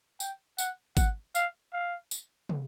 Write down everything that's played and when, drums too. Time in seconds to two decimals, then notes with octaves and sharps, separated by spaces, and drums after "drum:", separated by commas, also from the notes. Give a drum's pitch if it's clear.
0.20 G5, drum: tambourine
0.58 F#5, drum: tambourine
0.97 F#5, drum: kick G#1, tambourine
1.35 F5, drum: tambourine
1.73 F5
2.11 drum: tambourine
2.49 drum: tom